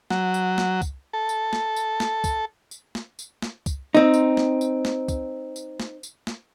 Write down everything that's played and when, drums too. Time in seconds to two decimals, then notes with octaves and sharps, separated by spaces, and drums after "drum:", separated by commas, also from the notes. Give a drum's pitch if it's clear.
0.10 F#3, drum: snare
0.34 drum: tambourine
0.58 drum: snare
0.82 drum: kick, tambourine
1.13 A4
1.29 drum: tambourine
1.53 drum: snare
1.76 drum: tambourine
2.00 drum: snare
2.24 drum: kick, tambourine
2.71 drum: tambourine
2.95 drum: snare
3.19 drum: tambourine
3.42 drum: snare
3.66 drum: kick, tambourine
3.95 C4 D#4
4.14 drum: tambourine
4.37 drum: snare
4.61 drum: tambourine
4.85 drum: snare
5.08 drum: kick, tambourine
5.56 drum: tambourine
5.80 drum: snare
6.03 drum: tambourine
6.27 drum: snare